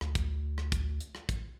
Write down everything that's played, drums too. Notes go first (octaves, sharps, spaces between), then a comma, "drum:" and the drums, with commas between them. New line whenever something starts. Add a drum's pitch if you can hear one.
D2, drum: rim click
drum: kick, hi-hat
drum: rim click
drum: kick, hi-hat
drum: hi-hat
drum: rim click
drum: kick, hi-hat